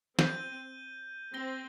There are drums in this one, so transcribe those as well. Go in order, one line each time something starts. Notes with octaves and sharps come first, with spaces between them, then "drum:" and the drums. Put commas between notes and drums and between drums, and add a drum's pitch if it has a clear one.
C4 G6 D#7 G7, drum: snare
C4 A#6 G7